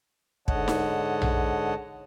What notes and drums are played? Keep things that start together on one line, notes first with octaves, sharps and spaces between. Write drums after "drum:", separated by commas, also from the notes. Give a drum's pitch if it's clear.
G#2 D3 C#5 D#5 F#5 A5, drum: kick
drum: snare D#4
drum: tom A#1